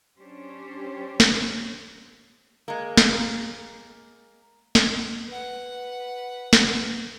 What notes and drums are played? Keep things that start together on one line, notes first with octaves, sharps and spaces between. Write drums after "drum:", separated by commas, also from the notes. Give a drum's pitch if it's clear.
F#3 C#4 D4 G4 C5 C#5
drum: snare
G#3 A#3
drum: snare
drum: snare
B4 F#5
drum: snare